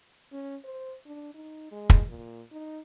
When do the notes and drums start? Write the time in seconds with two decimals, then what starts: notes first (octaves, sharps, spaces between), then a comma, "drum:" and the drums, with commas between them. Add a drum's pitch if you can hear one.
0.32 C#4
0.64 C5
1.06 D4
1.34 D#4
1.72 G#3
1.90 drum: kick
2.08 A#2
2.52 D#4